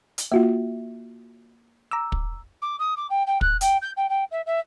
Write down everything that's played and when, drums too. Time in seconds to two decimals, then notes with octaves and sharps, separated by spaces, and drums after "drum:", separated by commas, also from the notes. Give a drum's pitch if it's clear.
0.18 drum: hi-hat
0.32 A#3 F4 F#4 E5
1.91 A#5 D6 E6
2.12 drum: kick
2.62 D6
2.79 D#6
2.97 D6
3.10 G5
3.27 G5
3.41 F#6, drum: kick
3.61 G5, drum: hi-hat
3.82 G6
3.97 G5
4.09 G5
4.31 E5
4.46 E5